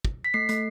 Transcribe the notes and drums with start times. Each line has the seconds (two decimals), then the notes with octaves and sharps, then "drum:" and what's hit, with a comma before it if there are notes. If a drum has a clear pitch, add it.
0.05 drum: kick
0.24 B6
0.34 A3 C7
0.49 A3, drum: hi-hat